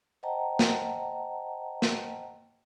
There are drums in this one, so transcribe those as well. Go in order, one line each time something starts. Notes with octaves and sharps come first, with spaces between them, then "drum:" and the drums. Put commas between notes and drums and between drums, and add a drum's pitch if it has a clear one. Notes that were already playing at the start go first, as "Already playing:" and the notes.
C5 D#5 F#5 G5 A5 A#5
drum: snare
drum: snare